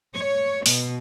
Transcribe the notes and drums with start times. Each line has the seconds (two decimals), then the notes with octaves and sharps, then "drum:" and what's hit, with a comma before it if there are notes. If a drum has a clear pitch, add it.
0.14 C#5
0.66 B2, drum: open hi-hat